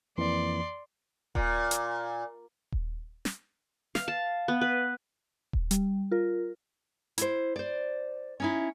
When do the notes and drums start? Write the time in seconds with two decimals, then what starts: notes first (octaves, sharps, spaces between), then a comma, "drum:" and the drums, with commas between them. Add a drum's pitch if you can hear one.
0.18 F2 E3 A#3 D5 C6
1.35 A#2, drum: kick D#1
1.71 drum: hi-hat
2.72 drum: kick D#1
3.25 drum: snare
3.95 F5, drum: snare
4.08 A5
4.48 B3
4.61 B4
5.53 drum: kick D#1
5.71 G3, drum: hi-hat
6.11 F4 A#4
7.18 E4 C5, drum: hi-hat
7.56 C5 D5
8.40 C#4 D#4 E4